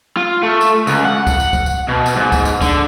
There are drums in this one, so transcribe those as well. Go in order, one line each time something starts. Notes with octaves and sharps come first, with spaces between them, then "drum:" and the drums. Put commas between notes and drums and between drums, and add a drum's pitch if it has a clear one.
F4
A3
drum: tambourine
C#2, drum: tambourine
F#5
drum: kick C#2, tambourine
drum: tambourine
drum: kick C#2, tambourine
drum: tambourine
B2
drum: tambourine
G#2
drum: kick C#2, tambourine
drum: tambourine
D3, drum: kick C#2, tambourine